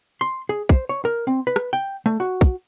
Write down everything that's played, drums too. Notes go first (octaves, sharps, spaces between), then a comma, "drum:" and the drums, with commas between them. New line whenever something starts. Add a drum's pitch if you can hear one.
C6
G#4
C5, drum: kick
C#5
A#4
C4
B4
drum: rim click
G5
A3
F#4
drum: kick